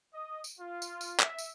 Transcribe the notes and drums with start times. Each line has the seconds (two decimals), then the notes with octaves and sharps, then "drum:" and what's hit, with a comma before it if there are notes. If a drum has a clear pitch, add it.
0.14 D#5
0.44 drum: tambourine
0.59 F4
0.82 drum: tambourine
1.01 drum: tambourine
1.20 E5, drum: clap
1.39 drum: tambourine